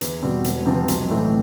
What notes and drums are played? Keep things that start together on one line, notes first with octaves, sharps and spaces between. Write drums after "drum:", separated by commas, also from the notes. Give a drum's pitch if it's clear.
E2, drum: hi-hat
B2 G3 C4
E1, drum: hi-hat
E2 C3 F3 C4
B1, drum: hi-hat
A2 E3 A3 C4